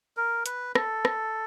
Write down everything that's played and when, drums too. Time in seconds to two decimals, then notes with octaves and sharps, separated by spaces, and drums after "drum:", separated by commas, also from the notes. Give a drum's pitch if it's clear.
0.17 A#4
0.46 B4, drum: hi-hat
0.75 A4, drum: rim click
1.05 drum: rim click